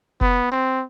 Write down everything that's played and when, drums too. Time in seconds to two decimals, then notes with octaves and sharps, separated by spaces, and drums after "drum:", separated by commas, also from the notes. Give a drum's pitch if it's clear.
0.21 B3, drum: kick F1
0.51 C4